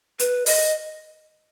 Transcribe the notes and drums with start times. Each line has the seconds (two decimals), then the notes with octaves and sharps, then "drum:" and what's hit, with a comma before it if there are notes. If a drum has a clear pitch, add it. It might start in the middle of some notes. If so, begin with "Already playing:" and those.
0.19 B4, drum: hi-hat
0.46 D#5, drum: open hi-hat